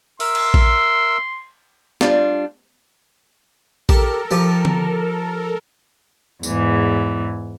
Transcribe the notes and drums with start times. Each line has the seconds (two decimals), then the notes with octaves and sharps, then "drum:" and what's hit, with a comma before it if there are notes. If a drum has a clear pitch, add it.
0.20 A#4 E5 C6 E6, drum: open hi-hat
0.35 drum: cymbal
0.54 drum: kick A#1
2.01 G3 D4 F4, drum: snare
3.89 G4 A4 A#4, drum: kick A#1
4.31 F3 G4
4.65 drum: tom D3
6.43 E2 G#2 E3, drum: tambourine